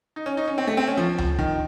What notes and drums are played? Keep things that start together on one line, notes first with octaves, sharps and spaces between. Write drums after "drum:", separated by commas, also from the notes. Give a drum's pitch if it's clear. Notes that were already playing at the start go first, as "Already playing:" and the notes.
D#4
C#4
D#4
C#4
C4
A3
C4
C#4
F3
drum: tom C#2
D#3, drum: kick